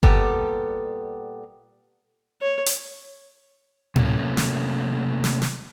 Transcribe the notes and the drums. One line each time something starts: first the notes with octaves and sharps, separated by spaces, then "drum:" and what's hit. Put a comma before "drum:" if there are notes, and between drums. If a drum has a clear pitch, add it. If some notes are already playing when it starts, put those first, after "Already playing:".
A#2 G3 B3 G4 A4, drum: kick G1
C#5
drum: hi-hat
C3 F#3 A3 A#3 C#4, drum: tom A2
drum: snare
drum: snare
drum: snare